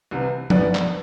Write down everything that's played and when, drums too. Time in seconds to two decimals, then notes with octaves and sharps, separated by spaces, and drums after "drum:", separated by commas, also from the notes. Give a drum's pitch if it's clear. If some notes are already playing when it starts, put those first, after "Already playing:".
0.11 C2 C3 E3
0.50 G2 E3 B3 D4, drum: tom F3
0.75 drum: clap